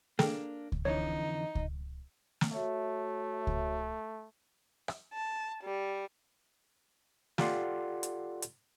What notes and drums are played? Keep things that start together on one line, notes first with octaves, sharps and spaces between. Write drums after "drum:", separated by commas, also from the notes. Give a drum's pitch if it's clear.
A#3 D4 G#4 A4 G5, drum: snare
drum: kick C#2
F2 D3 E3 D#4 C#5
drum: kick C#2
drum: snare
A3 F#4 C#5 E5
drum: kick C#2
drum: rim click
A5
G3
F4 G4 A4 D5 F#5 C6, drum: snare
drum: hi-hat
drum: hi-hat